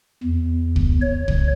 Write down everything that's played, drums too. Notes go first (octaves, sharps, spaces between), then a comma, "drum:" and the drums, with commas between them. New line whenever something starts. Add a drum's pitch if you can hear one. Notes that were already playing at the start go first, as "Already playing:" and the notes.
E2
drum: kick
C#5
drum: kick